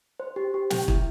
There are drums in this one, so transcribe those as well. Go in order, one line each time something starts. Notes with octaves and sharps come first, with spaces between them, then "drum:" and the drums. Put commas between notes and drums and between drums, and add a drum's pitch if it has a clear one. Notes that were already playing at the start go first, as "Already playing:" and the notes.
C5
G4
G4
G5, drum: snare
E4, drum: kick